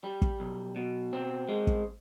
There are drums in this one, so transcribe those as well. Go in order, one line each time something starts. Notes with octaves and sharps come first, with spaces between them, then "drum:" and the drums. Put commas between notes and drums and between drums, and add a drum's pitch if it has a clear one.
G3
drum: kick
B1
B2
C4
G#3
drum: kick